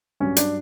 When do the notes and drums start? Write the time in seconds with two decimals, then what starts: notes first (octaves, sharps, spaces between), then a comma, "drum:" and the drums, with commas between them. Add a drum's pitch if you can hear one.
0.20 G2 F#3 C#4
0.37 D4, drum: hi-hat